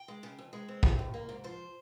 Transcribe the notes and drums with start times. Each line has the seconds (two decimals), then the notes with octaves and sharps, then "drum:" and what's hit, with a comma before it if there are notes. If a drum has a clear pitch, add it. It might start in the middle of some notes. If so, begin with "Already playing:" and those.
Already playing: G5
0.08 G#3
0.23 C#3
0.39 F2
0.53 G#3
0.68 C4
0.83 D#3, drum: kick
0.99 D#2
1.14 A#3
1.29 G#2
1.44 F3 C5